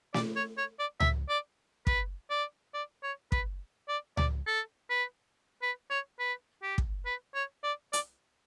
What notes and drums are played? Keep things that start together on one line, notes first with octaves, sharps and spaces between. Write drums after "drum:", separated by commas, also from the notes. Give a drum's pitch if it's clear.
D5, drum: snare
C#5
C#5
D5
E5, drum: tom C#2
D5
B4, drum: kick
D5
D5
C#5
B4, drum: kick
D5
D5, drum: tom C#2
A4
B4
B4
C#5
B4
G4
drum: kick
B4
C#5
D5
D5, drum: hi-hat